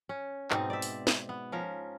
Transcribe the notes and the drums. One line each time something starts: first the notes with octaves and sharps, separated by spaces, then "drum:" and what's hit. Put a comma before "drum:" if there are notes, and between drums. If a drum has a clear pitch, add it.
C#4
G#2 B2 C4 D#4, drum: clap
D5 E5
drum: open hi-hat
drum: snare
B3
F3 C#4 A#4